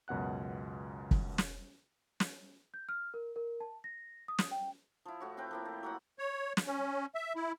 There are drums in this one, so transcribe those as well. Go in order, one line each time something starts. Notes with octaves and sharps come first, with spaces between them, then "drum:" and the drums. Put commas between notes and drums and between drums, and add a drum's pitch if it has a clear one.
C#2 F#2 B2 F#5 F#6
drum: kick
drum: snare
drum: snare
G6
F6
A#4
A#4
A5
A#6
D#6
drum: snare
G5
F3 E4
A2 F#4 C#5
C4 F4 B4 G5
F3 A#3 E4
A2
F#3 A#3 F#5 B5
C#5
drum: snare
C#4
E5
E4